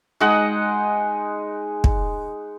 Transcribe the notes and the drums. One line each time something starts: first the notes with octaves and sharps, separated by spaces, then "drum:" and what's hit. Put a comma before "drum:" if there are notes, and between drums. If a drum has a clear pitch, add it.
G#3 D#4 D#5 F#5
drum: kick